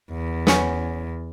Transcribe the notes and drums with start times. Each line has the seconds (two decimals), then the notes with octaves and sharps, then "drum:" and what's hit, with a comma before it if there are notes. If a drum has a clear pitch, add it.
0.12 E2
0.47 B3 C#4, drum: snare